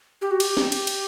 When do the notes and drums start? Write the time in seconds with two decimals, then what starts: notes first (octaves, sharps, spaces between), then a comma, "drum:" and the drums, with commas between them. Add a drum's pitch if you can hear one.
0.21 G4
0.31 F#4
0.40 G4, drum: cymbal
0.57 drum: snare
0.72 drum: cymbal
0.87 drum: cymbal